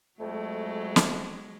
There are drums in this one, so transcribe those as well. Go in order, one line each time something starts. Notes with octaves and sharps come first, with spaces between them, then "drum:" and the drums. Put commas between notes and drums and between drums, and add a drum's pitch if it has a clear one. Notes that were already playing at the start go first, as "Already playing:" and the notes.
F2 F#3 G#3 A3
drum: snare